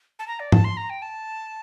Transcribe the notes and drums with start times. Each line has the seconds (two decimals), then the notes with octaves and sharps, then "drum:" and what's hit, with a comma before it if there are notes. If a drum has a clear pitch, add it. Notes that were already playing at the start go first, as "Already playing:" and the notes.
0.19 A5
0.28 A#5
0.40 D5
0.52 A5, drum: tom G#2
0.64 C6
0.77 A#5
0.90 G5
1.02 A5